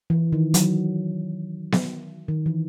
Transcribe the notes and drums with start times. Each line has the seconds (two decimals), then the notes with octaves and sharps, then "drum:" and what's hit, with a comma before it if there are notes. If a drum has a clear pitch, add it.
0.10 E3
0.33 D#3
0.54 F#3, drum: hi-hat
1.72 drum: snare B3
2.28 D#3
2.46 E3